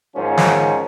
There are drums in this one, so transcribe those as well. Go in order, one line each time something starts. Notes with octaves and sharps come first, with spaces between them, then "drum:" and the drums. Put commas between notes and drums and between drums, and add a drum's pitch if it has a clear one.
G#2 D#3 F3 G#3 C#4
drum: snare